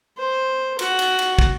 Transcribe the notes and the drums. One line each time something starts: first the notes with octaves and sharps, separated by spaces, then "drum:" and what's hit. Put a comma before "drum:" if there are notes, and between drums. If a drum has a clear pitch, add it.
C5
F#4, drum: cymbal
drum: cymbal
drum: cymbal
drum: kick